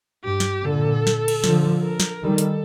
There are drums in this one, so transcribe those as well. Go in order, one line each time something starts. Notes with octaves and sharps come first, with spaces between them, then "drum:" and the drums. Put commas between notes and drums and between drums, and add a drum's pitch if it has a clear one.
G2 G4
drum: snare
A#2 D3 A4
drum: snare
drum: cymbal
D3 F3, drum: snare
A#4
drum: snare
D#3 G3 A4
drum: hi-hat